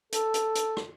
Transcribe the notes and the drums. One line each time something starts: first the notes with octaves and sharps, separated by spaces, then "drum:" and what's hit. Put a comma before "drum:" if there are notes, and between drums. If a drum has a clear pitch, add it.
A4, drum: hi-hat
drum: hi-hat
drum: hi-hat
drum: rim click